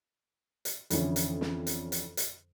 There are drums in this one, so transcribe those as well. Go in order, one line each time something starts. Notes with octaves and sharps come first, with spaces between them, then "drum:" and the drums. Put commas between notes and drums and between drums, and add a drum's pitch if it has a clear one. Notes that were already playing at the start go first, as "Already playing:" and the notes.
drum: hi-hat
F2 D3 E3 C#4, drum: hi-hat
drum: hi-hat
drum: snare
drum: hi-hat
drum: hi-hat
drum: hi-hat